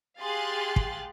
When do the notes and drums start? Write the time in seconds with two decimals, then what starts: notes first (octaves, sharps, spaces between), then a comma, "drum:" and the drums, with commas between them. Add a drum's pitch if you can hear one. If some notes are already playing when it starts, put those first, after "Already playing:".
0.19 G4 G#4 F5 C6 F#6 A6
0.76 drum: kick